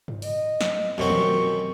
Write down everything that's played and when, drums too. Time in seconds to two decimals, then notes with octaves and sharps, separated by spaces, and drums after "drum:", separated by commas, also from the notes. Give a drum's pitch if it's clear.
0.08 drum: tom G2
0.22 D#5, drum: open hi-hat
0.61 drum: snare
0.98 F#2 B2 C4 G4 C#6
1.10 drum: tom D#3